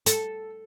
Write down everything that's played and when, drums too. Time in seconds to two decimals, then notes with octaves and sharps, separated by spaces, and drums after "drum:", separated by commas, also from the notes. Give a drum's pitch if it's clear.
0.06 A4, drum: hi-hat